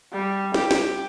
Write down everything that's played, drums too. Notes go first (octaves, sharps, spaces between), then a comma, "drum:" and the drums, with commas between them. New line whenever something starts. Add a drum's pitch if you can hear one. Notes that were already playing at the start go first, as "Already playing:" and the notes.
G3
G4, drum: snare
drum: snare